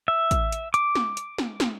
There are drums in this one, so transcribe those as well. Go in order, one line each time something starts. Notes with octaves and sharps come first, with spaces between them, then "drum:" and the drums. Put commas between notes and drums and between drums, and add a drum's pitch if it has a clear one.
E5
drum: kick A1, hi-hat
drum: hi-hat
D6, drum: hi-hat
drum: snare
drum: hi-hat
drum: snare
drum: snare